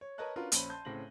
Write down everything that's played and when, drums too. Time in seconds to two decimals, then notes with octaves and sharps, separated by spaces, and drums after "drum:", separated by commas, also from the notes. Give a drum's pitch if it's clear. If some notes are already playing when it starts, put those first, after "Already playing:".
0.01 C#5
0.18 A#4 B4 C#5 D#5 A5 F#6
0.36 C#4 D4 F4 F#4 A#4 B4
0.52 A#1 C#4 C5 B5 D#7, drum: hi-hat
0.70 A5 C6 G6
0.85 A2 C#3 C4 A#6 F#7